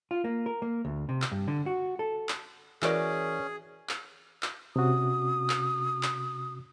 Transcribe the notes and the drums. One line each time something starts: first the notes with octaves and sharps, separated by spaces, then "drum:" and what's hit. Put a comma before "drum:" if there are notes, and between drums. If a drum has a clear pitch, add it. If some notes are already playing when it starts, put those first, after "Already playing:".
F4
A#3
A#4
A#3
D2
C3
drum: clap
G2
D3
F#4
A4
drum: clap
E3 C#4 F#4 G#4 A#4 D5, drum: clap
drum: clap
drum: clap
C3 C#4 F#4 D#6
drum: clap
drum: clap